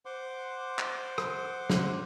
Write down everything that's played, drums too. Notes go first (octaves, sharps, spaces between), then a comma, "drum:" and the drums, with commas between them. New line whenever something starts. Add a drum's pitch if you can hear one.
C5 F#5 C6 D6
drum: clap
drum: rim click
drum: snare